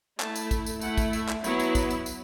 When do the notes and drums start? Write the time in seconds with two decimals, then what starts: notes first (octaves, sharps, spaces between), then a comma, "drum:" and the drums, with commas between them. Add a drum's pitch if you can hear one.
0.20 A3 E4 A5, drum: clap
0.36 drum: tambourine
0.51 drum: kick, tambourine
0.67 drum: tambourine
0.81 A3 E4 F#5, drum: tambourine
0.97 drum: kick, tambourine
1.13 E5, drum: tambourine
1.28 drum: clap
1.44 F#3 B3 E4 C#5, drum: tambourine
1.59 drum: tambourine
1.75 drum: kick, tambourine
1.90 drum: tambourine
2.06 drum: tambourine